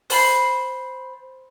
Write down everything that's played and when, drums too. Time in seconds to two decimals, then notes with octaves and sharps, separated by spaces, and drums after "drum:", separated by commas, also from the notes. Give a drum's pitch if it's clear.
0.10 C5 B5 C6, drum: open hi-hat